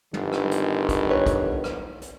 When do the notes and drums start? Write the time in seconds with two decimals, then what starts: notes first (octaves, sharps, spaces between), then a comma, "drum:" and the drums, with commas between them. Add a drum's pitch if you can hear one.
0.14 G1 D#3, drum: tom
0.33 drum: rim click
0.51 drum: hi-hat
0.89 drum: kick, hi-hat
1.10 B4 C#5
1.26 drum: kick, hi-hat
1.64 drum: rim click
2.02 drum: hi-hat